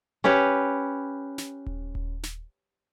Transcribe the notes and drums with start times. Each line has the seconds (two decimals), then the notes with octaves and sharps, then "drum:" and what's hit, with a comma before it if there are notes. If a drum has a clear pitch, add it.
0.24 C#4 G4 B4 C#5
1.38 drum: snare
1.66 drum: kick D#1
1.95 drum: kick D#1
2.23 drum: snare